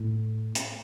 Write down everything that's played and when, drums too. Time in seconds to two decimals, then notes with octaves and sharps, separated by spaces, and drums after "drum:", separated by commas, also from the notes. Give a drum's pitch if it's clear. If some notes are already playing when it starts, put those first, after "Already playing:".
Already playing: A2
0.55 drum: hi-hat